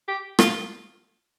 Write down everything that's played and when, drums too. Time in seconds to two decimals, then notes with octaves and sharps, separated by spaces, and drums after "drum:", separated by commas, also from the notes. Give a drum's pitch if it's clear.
0.08 G4
0.39 F4, drum: rim click